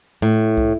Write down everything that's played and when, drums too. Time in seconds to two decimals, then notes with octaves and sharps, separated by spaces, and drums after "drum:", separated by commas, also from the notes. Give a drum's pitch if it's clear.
0.22 A2
0.57 drum: kick